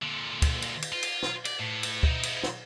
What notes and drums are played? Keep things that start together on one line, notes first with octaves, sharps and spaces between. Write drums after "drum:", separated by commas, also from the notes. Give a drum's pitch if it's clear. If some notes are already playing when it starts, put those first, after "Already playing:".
A#2 D3
drum: kick, cymbal
drum: cymbal
drum: cymbal
F4
drum: cymbal
drum: snare
D5, drum: cymbal
A2
drum: cymbal
D#4 E4, drum: kick
drum: cymbal
drum: snare